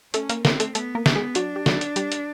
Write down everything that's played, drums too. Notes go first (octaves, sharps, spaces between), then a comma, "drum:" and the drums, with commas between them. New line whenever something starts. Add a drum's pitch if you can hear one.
A3 C#4 A4, drum: hi-hat
A#3 A#4, drum: hi-hat
A#3 C4 A#4, drum: snare
A3 A4, drum: hi-hat
A3 B3 A4, drum: hi-hat
A#3 A#4
B3, drum: snare
G#3 G#4
F#3 D4 F#4, drum: hi-hat
G4
F#3 F#4, drum: snare
drum: hi-hat
G3 G4, drum: hi-hat
drum: hi-hat